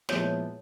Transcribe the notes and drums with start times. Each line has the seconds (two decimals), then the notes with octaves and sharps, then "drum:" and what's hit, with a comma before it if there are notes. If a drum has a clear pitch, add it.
0.09 A#2 F3 G#3 B3 E4 C#5, drum: snare